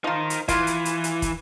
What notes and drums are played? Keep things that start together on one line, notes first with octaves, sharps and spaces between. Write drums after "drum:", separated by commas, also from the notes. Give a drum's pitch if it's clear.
F3 D#4 F4 A#4
drum: hi-hat
E3 E4 F4, drum: kick, hi-hat
drum: hi-hat
drum: hi-hat
drum: hi-hat
drum: kick, hi-hat